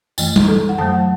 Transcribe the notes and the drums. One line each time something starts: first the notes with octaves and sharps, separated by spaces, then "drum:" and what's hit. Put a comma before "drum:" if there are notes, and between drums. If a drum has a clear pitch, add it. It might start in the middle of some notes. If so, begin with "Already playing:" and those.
F#2 E3 A3, drum: tambourine
drum: tom G3
A4
F#5
F#2 D3 F#3 A3 A5
F#5